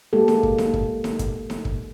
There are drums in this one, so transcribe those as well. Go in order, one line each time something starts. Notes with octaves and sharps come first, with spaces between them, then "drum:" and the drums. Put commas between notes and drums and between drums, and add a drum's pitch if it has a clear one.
G#3 A#3 G4 A4
drum: snare D#4
drum: kick
drum: snare D#4
drum: kick
drum: snare D#4
drum: kick, hi-hat
drum: snare D#4
drum: kick